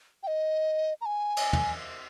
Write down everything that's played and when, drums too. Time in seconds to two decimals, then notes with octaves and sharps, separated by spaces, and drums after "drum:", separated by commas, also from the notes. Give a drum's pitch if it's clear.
0.23 G5
0.27 D#5
1.01 A#5
1.06 G#5
1.37 drum: cymbal
1.53 drum: tom